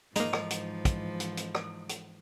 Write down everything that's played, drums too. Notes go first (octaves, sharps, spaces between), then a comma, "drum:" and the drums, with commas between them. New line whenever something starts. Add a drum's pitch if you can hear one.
G#2 E3 F3 G#3 A#3 D#4, drum: hi-hat
drum: rim click
drum: hi-hat
drum: kick, hi-hat
drum: hi-hat
drum: hi-hat
drum: rim click
drum: hi-hat